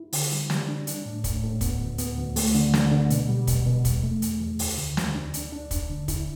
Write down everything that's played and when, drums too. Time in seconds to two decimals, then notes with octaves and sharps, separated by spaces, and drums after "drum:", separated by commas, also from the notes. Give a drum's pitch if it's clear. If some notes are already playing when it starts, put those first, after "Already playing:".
Already playing: E4
0.13 D3, drum: open hi-hat
0.31 G3
0.50 G3, drum: snare
0.68 D4
0.87 D4, drum: hi-hat
1.06 A2
1.24 A2, drum: kick, hi-hat
1.43 A2
1.61 B3, drum: kick, hi-hat
1.80 D2
1.98 B3, drum: hi-hat
2.17 D2
2.36 A3, drum: open hi-hat
2.55 D3
2.74 D3, drum: snare
2.92 D3
3.10 B2, drum: hi-hat
3.29 G3
3.47 B2, drum: kick, hi-hat
3.66 B2
3.85 E2, drum: kick, hi-hat
4.03 A3
4.22 E2, drum: hi-hat
4.41 E2
4.59 D2, drum: open hi-hat
4.78 D3
4.97 D2, drum: snare
5.15 D4
5.34 D4, drum: hi-hat
5.52 D4
5.71 D4, drum: kick, hi-hat
5.90 D3
6.08 E4, drum: kick, hi-hat